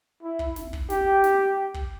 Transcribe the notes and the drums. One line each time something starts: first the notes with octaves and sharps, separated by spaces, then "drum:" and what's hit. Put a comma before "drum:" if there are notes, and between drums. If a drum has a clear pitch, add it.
E4
drum: kick
drum: snare
drum: kick
G4, drum: snare
drum: snare
drum: kick